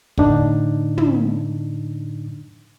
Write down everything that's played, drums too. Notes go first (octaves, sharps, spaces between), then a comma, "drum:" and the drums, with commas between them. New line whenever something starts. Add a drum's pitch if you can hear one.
A2 D3 D4 D#4, drum: kick
drum: tom